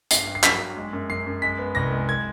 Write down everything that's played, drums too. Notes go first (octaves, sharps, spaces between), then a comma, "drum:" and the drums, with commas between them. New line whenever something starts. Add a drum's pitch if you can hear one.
G2 C7, drum: hi-hat
G2
C7
F#3 B6, drum: clap
G2
G#3
F#2
F#2 C7
F#2
G#3 B6
B3
C2 A#6
G#3
G#6